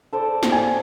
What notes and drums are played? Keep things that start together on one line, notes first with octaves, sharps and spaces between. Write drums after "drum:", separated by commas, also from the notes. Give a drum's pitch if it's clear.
A4 C5 D5
drum: snare
G#5